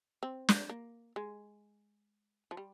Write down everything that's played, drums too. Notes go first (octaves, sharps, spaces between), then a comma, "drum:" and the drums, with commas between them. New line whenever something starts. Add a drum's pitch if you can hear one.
C4
drum: snare
A#3
G#3
F3
G3